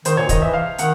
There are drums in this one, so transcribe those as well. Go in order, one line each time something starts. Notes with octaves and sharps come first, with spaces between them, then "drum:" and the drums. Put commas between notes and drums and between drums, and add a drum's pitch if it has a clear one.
D#3 C5, drum: hi-hat
A#2 C#5
D#3 D#5, drum: kick, hi-hat
E3 E5
F5
D#3 F#5, drum: hi-hat